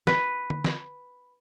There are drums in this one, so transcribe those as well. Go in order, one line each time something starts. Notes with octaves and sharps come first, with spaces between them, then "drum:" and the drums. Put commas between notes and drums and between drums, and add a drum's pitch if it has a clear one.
B4, drum: snare
drum: tom D3
drum: snare